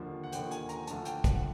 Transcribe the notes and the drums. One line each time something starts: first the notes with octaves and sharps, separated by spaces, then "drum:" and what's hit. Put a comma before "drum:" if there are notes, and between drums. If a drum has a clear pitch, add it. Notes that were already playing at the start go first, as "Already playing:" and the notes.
Already playing: D#2 D3 F3
F#5
D#2 D3 F3 G5, drum: hi-hat
G#5, drum: hi-hat
A#5, drum: hi-hat
D2 D3 F3 A5, drum: hi-hat
G5, drum: hi-hat
F#5, drum: kick, hi-hat